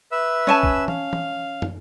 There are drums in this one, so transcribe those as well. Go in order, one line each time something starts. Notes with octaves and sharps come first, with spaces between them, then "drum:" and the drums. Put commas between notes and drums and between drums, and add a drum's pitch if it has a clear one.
B4 E5 E6
C#4 G#5 A5
drum: kick
F5, drum: tom E3
drum: tom E3
drum: tom